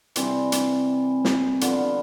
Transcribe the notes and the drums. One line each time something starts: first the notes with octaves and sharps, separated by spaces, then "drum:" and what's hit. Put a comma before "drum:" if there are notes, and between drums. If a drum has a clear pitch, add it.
C3 E3 G3 C4, drum: hi-hat
drum: hi-hat
drum: snare
D3 F3 B3, drum: hi-hat